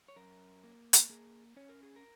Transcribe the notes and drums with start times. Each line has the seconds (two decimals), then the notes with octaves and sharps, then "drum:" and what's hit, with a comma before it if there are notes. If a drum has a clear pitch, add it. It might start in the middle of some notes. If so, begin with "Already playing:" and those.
0.08 C#5
0.16 F#2 A#4
0.64 A#3
0.93 drum: hi-hat
1.09 A#3 G#4
1.56 C#4 C#5
1.69 A#4
1.83 G#4
1.96 A#4